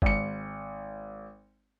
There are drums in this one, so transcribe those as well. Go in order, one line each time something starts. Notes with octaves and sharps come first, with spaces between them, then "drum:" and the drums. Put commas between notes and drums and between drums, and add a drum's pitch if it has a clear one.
G#1 C#7, drum: kick G1